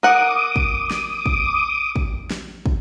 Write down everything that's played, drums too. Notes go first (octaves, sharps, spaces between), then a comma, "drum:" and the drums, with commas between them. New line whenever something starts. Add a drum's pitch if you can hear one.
A#4 F#5 D6 D#6
drum: kick
drum: snare
drum: kick
drum: kick
drum: snare
drum: kick